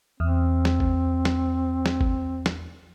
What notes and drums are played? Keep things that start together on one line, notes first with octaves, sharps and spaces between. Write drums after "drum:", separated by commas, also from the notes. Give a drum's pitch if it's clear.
E2 C4
drum: snare
drum: kick G#1
drum: snare
drum: snare
drum: kick G#1
drum: snare